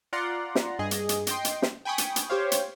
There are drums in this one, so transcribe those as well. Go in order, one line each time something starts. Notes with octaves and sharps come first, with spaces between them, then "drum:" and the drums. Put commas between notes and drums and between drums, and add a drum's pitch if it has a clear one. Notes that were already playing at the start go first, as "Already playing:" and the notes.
F4 D5 F#5 A#5 C6
drum: snare
G2 G#4 D#5
drum: hi-hat
drum: hi-hat
D#5 G5 C6, drum: hi-hat
drum: hi-hat
drum: snare
G5 G#5 B5 C#6 D#6
drum: hi-hat
drum: hi-hat
G4 C5 C#5 F5
drum: hi-hat